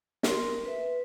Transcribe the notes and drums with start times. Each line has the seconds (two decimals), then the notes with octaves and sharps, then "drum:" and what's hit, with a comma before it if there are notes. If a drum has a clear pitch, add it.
0.23 A#4 C6, drum: snare
0.65 B4 E5